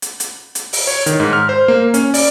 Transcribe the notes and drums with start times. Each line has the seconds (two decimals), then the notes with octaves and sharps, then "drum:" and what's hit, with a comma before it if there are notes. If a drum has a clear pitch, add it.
0.02 drum: hi-hat
0.20 drum: hi-hat
0.55 drum: hi-hat
0.73 drum: open hi-hat
0.87 C#5
1.06 D#3, drum: hi-hat
1.20 G#2
1.33 F6
1.49 C5
1.68 A#3
1.94 C#4, drum: hi-hat
2.14 D5, drum: open hi-hat